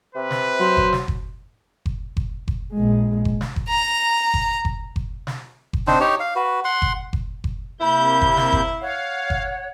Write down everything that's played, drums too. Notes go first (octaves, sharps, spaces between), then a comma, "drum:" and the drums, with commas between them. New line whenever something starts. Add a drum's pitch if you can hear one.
C3 B4
drum: snare
F#3 C5
drum: kick F#1
drum: snare
drum: kick F#1
drum: kick F#1
drum: kick F#1
drum: kick F#1
A#1 G#3
drum: kick F#1
drum: snare
drum: kick F#1
A#5
drum: kick F#1
drum: kick F#1
drum: kick F#1
drum: snare
drum: kick F#1
C4 D4 D#4 C5, drum: snare
D#4 G4 C#5
F5
F#4 B4
F#5 C6
drum: kick F#1
drum: kick F#1
drum: kick F#1
C3 A#3 E4 B5 G6
drum: kick F#1
drum: snare
drum: kick F#1
C#5 F5 F#5
drum: kick F#1